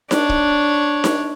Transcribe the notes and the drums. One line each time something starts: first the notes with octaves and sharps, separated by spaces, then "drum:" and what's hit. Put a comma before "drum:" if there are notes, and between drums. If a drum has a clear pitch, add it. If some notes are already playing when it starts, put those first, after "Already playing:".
D4 C#5, drum: snare D#4
drum: kick
drum: snare D#4